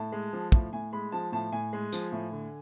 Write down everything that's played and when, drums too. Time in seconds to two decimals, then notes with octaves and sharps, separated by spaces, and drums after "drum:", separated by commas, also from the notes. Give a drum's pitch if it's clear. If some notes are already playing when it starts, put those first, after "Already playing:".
Already playing: A2 A5
0.12 G#3
0.33 F3
0.52 A2, drum: kick
0.73 A2 G#5
0.93 G#3 B5
1.12 F3 A5
1.32 A2 A5
1.52 A2 G#5
1.73 G#3
1.93 F3, drum: tambourine
2.12 A2
2.32 D3